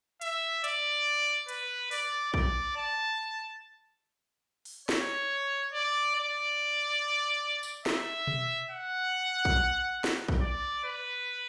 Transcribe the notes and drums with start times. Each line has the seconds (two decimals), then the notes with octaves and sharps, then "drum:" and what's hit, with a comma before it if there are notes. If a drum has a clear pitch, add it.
0.21 E5, drum: hi-hat
0.64 D5, drum: hi-hat
1.49 B4, drum: hi-hat
1.91 D5, drum: open hi-hat
2.34 D5, drum: kick
2.76 A5
4.65 drum: open hi-hat
4.89 C#5, drum: snare
5.73 D5
6.16 D5
7.63 drum: tambourine
7.86 E5, drum: snare
8.27 drum: tom B2
8.70 F#5
9.45 drum: kick
10.04 drum: snare
10.28 drum: kick
10.41 D5
10.84 B4